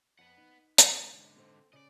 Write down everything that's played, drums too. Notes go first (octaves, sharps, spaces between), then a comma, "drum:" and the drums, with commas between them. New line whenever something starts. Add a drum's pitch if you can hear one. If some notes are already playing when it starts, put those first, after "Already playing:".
F2 B4 F#5
D#4
G#2 D3, drum: hi-hat
C4 A4 C5
C#3 D5 D#5